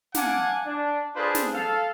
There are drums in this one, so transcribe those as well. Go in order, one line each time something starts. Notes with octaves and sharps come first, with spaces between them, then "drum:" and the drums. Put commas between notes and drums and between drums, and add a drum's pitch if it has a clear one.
F5 F#5 G#5 A5 D6, drum: snare
D4
D4 F4 G#4 A4 B4 C5
drum: snare
A4 F5